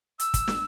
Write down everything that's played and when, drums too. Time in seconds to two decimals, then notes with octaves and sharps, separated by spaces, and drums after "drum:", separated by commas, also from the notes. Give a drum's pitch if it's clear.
0.20 E6, drum: hi-hat
0.34 drum: kick, hi-hat
0.48 drum: snare